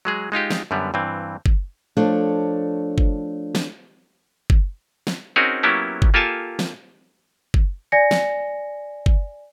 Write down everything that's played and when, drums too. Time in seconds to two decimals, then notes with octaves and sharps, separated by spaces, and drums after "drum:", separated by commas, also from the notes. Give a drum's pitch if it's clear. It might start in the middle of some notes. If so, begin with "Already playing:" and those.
0.05 F#3 G#3 G#4
0.32 G#3 D#4 F4 G4
0.51 drum: snare
0.71 F#2 D3 G3 B3
0.94 G2 E3 C4
1.46 drum: kick
1.97 F3 A3 D4 A4 C#5
2.98 drum: kick
3.55 drum: snare
4.50 drum: kick
5.07 drum: snare
5.36 C4 C#4 D#4 F#4 G#4 A#4
5.63 F#3 A#3 B3 C#4 E4 G4
6.02 drum: kick
6.14 A#3 F4 G4 A4 G#5 A5
6.59 drum: snare
7.54 drum: kick
7.92 D5 G#5 A#6 C#7
8.11 drum: snare
9.06 drum: kick